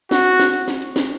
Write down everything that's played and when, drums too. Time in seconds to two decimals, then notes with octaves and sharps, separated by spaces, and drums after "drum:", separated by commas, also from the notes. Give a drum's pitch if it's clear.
0.11 F#4, drum: snare
0.25 drum: hi-hat
0.40 drum: snare
0.54 drum: hi-hat
0.68 drum: snare
0.82 drum: hi-hat
0.96 drum: snare